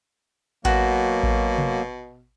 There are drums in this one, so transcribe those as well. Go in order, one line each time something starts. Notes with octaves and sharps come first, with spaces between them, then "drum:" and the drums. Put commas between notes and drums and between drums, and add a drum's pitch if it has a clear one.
B2 F#3 A#3 F#4, drum: kick A1
drum: kick A1
drum: tom C3